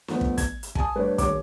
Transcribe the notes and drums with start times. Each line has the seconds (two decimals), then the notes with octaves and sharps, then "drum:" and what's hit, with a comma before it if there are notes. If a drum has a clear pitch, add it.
0.08 F3 A3 B3, drum: snare
0.21 drum: kick
0.38 G#6, drum: kick, hi-hat
0.63 drum: hi-hat
0.75 G#5 A5 D#6, drum: kick
0.96 G2 A3 D4 B4 C#5
1.18 D#1 C#5 D6, drum: kick, hi-hat